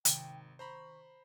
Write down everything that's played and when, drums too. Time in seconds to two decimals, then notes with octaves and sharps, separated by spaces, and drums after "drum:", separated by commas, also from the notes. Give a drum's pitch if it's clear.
0.05 G#1 C3 D#3 G5, drum: hi-hat
0.59 C5 A#5 B5 C#6